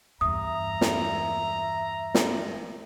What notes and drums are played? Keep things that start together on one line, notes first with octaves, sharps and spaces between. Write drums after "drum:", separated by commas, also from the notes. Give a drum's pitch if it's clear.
E2 G2 E5 A#5 D#6
drum: snare
drum: snare